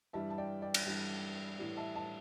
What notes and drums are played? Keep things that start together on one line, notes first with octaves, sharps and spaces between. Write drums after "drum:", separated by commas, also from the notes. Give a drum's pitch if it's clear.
G2 E3 G3 E5 A5
A5
D5 G5
D5 G5
drum: cymbal
G2 E3 G3
A2 E3 G3
E5 A5
E5 A5